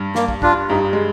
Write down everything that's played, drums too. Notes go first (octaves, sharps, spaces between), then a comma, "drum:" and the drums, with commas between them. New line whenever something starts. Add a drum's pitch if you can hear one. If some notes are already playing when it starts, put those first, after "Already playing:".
Already playing: G2 G3
A#3, drum: snare
drum: kick
D4 F4, drum: kick
G2 G3 D#4
G#3